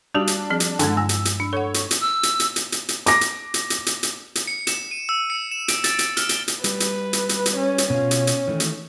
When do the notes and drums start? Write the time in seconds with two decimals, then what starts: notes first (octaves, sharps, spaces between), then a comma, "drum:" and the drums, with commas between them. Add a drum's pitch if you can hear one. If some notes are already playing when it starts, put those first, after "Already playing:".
0.14 G3 D4 F#4 G4
0.27 drum: hi-hat
0.50 F3 C4 G#4
0.60 drum: hi-hat
0.79 G2 D3 G#3, drum: hi-hat
0.97 G2 E6
1.09 drum: hi-hat
1.25 drum: hi-hat
1.40 D4
1.53 A4 C#5 F#5
1.74 drum: hi-hat
1.91 drum: hi-hat
2.01 E6
2.23 drum: hi-hat
2.40 drum: hi-hat
2.56 drum: hi-hat
2.72 drum: hi-hat
2.89 drum: hi-hat
3.06 D6 A#6, drum: hi-hat
3.21 drum: hi-hat
3.54 drum: hi-hat
3.70 drum: hi-hat
3.86 drum: hi-hat
4.03 drum: hi-hat
4.35 drum: hi-hat
4.47 C#7
4.67 E7, drum: hi-hat
4.91 D#7
5.09 E6
5.30 C#7
5.51 E7
5.68 D7, drum: hi-hat
5.84 A6, drum: hi-hat
5.99 drum: hi-hat
6.17 F6, drum: hi-hat
6.29 G7, drum: hi-hat
6.48 drum: hi-hat
6.64 G3 B4, drum: hi-hat
6.80 drum: hi-hat
7.13 drum: hi-hat
7.29 drum: hi-hat
7.46 drum: hi-hat
7.56 C#4
7.78 drum: hi-hat
7.90 B2 C#4 F4
8.11 drum: hi-hat
8.27 drum: hi-hat
8.48 D#3 E3 A3
8.60 drum: hi-hat